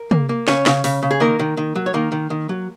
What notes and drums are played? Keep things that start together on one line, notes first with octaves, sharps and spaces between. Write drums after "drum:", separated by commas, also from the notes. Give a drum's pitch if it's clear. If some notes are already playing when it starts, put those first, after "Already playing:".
Already playing: A#4
A#3, drum: tom
A#3
C#3 C#4 C#5, drum: snare
C#3, drum: snare
C#3, drum: open hi-hat
C#3
G#4
D#3 A#3 A#4
D#3
D#3
F#3
C#5
D#3 A#3 A#4
D#3
D#3
F#3